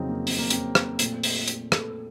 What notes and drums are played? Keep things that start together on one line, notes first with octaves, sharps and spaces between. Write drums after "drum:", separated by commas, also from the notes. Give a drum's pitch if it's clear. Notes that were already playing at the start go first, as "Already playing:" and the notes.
Already playing: F2 C#3 F#3 C4 D#4
A#3
C4, drum: open hi-hat
A#3
C4, drum: hi-hat
drum: rim click
A#2 A3, drum: hi-hat
drum: open hi-hat
drum: hi-hat
A4, drum: rim click